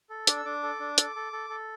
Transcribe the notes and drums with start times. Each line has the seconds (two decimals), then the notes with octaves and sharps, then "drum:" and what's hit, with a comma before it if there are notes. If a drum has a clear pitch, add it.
0.10 A4
0.27 D4 D6, drum: hi-hat
0.37 E6
0.45 D4 D6
0.63 A4
0.80 D4
0.98 A4, drum: hi-hat
1.16 A4
1.33 A4
1.50 A4